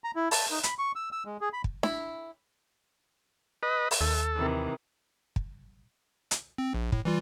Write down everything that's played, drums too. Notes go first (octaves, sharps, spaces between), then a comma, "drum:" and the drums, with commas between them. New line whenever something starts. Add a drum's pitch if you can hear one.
A#5
E4
A5, drum: open hi-hat
D#4
B5, drum: hi-hat
C#6
E6
E6
G#3
G#4
B5
drum: kick
E4, drum: snare D4
B4 D#5
drum: open hi-hat
D#2 A4
C3 D#3 E3
drum: kick
drum: hi-hat
C4
A#1
A2, drum: kick
E3 G3 F4